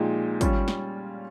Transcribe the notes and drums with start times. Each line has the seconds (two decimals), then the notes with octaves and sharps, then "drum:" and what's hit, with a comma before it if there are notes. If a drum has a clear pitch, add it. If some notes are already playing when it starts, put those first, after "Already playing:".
Already playing: A#2 F3 G#3 D#4 G4
0.41 G3 C#4 F4, drum: kick, hi-hat
0.68 drum: snare